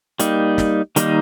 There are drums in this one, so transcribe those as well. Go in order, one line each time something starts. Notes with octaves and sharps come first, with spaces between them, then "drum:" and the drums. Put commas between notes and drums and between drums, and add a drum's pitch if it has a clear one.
G3 A#3 D#4, drum: hi-hat
drum: snare
D#3 G3 A#3 D#4, drum: hi-hat